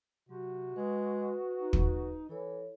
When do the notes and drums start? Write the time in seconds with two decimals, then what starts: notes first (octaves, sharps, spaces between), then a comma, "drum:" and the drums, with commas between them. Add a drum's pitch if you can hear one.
0.29 C3 F#3 F#4
0.76 G#3 B4 D#6
1.61 D#4
1.73 drum: kick
2.29 E3 E4 A4 C#5